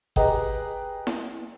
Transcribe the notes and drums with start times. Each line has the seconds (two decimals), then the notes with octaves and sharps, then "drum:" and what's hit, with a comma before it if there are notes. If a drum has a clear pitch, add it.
0.16 G4 G#4 B4 D#5 G5 A#5, drum: kick G1
1.07 drum: snare E4